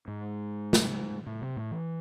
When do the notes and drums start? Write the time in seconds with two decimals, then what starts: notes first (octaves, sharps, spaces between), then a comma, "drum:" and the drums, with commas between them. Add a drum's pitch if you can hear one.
0.08 G#2
0.73 drum: snare
1.26 A2
1.42 C3
1.57 A2
1.71 E3